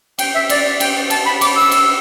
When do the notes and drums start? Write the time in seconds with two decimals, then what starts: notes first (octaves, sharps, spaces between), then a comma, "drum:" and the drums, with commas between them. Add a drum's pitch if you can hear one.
0.19 G5, drum: cymbal
0.34 E5
0.49 D5, drum: cymbal
0.80 G5, drum: cymbal
1.10 A5, drum: cymbal
1.25 B5
1.41 D6, drum: cymbal
1.56 E6
1.71 drum: cymbal